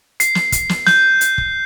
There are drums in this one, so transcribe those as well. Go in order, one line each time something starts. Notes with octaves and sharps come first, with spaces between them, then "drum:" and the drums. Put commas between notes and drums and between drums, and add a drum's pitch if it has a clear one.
C7, drum: hi-hat
drum: snare
drum: kick, hi-hat
drum: snare
G6, drum: snare
drum: hi-hat
drum: kick